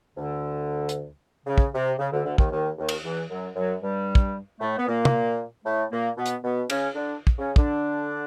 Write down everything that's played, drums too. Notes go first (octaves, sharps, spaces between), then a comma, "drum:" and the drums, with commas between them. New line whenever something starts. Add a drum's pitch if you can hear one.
D2 D3
drum: hi-hat
C#3
drum: kick
C3
C#3
D2 D3
D2 D3
D#2 D#3, drum: kick
D#2 D#3
D#2 D#3
drum: cymbal
E2 E3
F#2 F#3
F#2 F#3
G2 G3
drum: kick
A2 A3
B3
A#2 A#3
drum: tom
A2 A3
A#2 A#3
B2 B3
drum: hi-hat
B2 B3
C#3 C#4, drum: cymbal
D3 D4
drum: kick
C#3 C#4
D3 D4, drum: kick